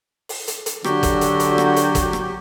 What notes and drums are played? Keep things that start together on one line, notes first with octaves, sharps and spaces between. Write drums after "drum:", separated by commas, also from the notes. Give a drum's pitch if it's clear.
drum: open hi-hat
drum: hi-hat
drum: hi-hat
D3 F#3 F#4 G4, drum: rim click
drum: kick, hi-hat
drum: hi-hat
drum: hi-hat
drum: rim click
drum: hi-hat
drum: kick, hi-hat
drum: rim click